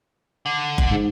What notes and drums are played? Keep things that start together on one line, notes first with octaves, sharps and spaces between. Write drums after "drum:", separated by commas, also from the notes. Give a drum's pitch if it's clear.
D3
drum: kick F#1
G#2